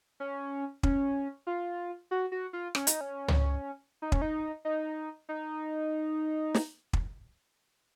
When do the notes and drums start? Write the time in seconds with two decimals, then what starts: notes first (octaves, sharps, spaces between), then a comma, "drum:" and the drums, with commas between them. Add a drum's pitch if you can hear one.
0.20 C#4
0.83 C#4, drum: kick
1.47 F4
2.11 F#4
2.32 F#4
2.53 F4
2.75 C#4, drum: rim click
2.87 D#4, drum: hi-hat
3.01 C#4
3.28 drum: tom C#2
4.02 D#4
4.12 C#4, drum: kick
4.22 D#4
4.65 D#4
5.29 D#4
6.55 drum: snare
6.93 drum: kick